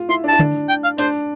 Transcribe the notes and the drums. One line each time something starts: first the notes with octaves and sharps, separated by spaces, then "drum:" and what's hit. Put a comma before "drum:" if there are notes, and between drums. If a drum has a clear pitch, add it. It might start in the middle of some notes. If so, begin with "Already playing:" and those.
Already playing: F4
E4 C6
D4
E4 A5
D4, drum: tom D3
G5
F5
D4 C5, drum: hi-hat